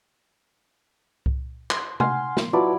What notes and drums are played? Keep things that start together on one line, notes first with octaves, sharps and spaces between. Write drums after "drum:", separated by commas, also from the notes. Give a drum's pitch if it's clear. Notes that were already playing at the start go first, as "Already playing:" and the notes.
drum: kick C2
C6, drum: clap
F5 F#5 G#5 C6 F6, drum: tom C3
drum: snare
F#3 E4 F4 B4 D5 A5